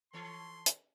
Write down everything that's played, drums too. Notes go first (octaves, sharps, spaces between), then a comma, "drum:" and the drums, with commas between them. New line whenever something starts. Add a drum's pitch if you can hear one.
E3 A4 C#5 C6
drum: hi-hat